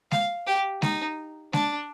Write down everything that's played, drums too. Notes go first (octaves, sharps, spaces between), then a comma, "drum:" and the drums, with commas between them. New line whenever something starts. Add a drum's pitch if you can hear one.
F5, drum: snare G#3
G4
D#4, drum: snare G#3
D4, drum: snare G#3